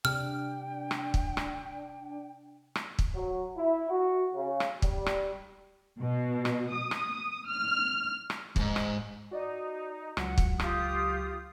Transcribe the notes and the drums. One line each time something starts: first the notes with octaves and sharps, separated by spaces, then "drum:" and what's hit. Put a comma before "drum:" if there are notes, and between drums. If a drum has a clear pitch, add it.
C3 D4 G5 F6
drum: rim click
drum: kick
drum: rim click
drum: rim click
drum: kick
F#3
E4
F#4
C#3
drum: rim click
G3, drum: kick
drum: rim click
B2
drum: rim click
D#6
drum: rim click
F6
drum: rim click
E2 G#2, drum: kick
drum: rim click
D#4 F#4 D5 D#5
C#2 F#3 F#5, drum: rim click
drum: kick
F4 G4 D#6, drum: rim click